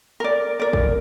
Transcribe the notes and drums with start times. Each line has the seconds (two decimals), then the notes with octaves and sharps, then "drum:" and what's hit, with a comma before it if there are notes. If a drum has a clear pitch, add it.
0.20 A#4 D5
0.60 A#4 D5
0.73 drum: kick